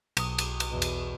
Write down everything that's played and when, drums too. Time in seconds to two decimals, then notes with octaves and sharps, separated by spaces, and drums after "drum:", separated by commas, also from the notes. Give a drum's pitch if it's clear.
0.17 B1 D#6, drum: cymbal
0.38 drum: cymbal
0.60 drum: cymbal
0.70 E2 B2
0.82 drum: cymbal